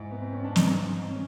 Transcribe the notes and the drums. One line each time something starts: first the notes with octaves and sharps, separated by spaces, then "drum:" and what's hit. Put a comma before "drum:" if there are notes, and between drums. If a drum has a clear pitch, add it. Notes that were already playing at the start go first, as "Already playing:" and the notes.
Already playing: G#2 E4
B3
C4
C#4
D4
D#4, drum: snare
C#4